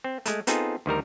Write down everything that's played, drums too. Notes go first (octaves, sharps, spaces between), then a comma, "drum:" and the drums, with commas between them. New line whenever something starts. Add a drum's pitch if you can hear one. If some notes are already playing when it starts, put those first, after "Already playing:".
C4
G#3 A3, drum: hi-hat
B3 C4 D#4 F4 G#4 A4, drum: hi-hat
D2 D#3 G3 A#4